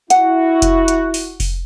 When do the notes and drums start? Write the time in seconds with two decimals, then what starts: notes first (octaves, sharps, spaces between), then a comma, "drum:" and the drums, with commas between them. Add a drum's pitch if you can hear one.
0.10 E4 F#4 F#5, drum: hi-hat
0.62 drum: kick F1, hi-hat
0.88 drum: hi-hat
1.14 drum: open hi-hat
1.40 drum: kick F1, open hi-hat